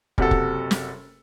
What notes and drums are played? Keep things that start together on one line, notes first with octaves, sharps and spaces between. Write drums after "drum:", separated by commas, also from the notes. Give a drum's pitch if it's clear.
F#1 C3 F#4 A4, drum: kick
drum: kick
drum: snare